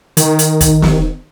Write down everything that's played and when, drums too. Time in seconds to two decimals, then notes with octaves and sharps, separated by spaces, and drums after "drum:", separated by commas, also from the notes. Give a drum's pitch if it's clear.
0.17 D#3, drum: hi-hat
0.39 drum: hi-hat
0.61 drum: kick, hi-hat
0.82 drum: snare